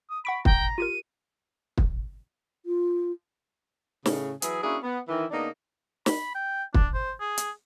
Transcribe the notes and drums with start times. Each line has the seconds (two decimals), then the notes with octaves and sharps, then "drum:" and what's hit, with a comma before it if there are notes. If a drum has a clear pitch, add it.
0.10 D#6
0.25 F#5 B5 C#6 D7
0.45 G5 A#5, drum: kick
0.78 F4 G4 A#4 D#7
1.78 drum: kick
2.66 F4
4.06 A2 C#3, drum: snare
4.42 E3 F#3 E4 G#4, drum: hi-hat
4.63 A#3 C#4 D4 E4 F#4 G#4
4.83 B3
5.09 D#3 E3
5.31 C#3 A#3 B3 D4 D#4
6.06 B5, drum: snare
6.35 G5
6.74 D4, drum: kick
6.94 C5
7.20 G#4
7.38 drum: hi-hat